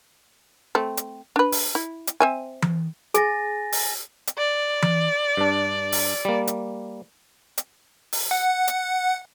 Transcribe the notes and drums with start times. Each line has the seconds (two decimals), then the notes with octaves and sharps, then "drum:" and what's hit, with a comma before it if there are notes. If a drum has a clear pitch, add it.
0.75 A3 C4
0.97 drum: hi-hat
1.36 D4 B4
1.52 drum: open hi-hat
1.75 E4
2.07 drum: hi-hat
2.20 C4 E5 G#5
2.62 drum: tom E3
3.14 G#4 G#5 A6 A#6, drum: hi-hat
3.72 drum: open hi-hat
4.27 drum: hi-hat
4.38 D5
4.82 drum: tom E3
5.37 G2 D4
5.92 drum: open hi-hat
6.25 G3 A#3
6.47 drum: hi-hat
7.57 drum: hi-hat
8.13 drum: open hi-hat
8.31 F#5
8.68 drum: hi-hat